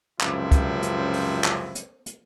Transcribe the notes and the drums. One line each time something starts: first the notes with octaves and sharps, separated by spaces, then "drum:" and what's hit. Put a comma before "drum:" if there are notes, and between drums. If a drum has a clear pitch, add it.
C#2 F#2 C3 F3 E4, drum: clap
drum: kick, hi-hat
drum: hi-hat
drum: open hi-hat
drum: clap
drum: hi-hat
drum: hi-hat